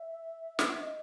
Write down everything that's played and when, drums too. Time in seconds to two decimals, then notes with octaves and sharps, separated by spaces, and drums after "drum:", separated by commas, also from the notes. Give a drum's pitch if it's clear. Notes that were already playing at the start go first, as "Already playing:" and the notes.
Already playing: E5
0.59 drum: snare
0.76 E5
0.81 D#5